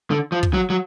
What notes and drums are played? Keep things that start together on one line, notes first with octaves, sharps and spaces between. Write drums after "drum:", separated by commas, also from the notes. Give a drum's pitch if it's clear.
D3
F3
drum: kick
F#3
F#3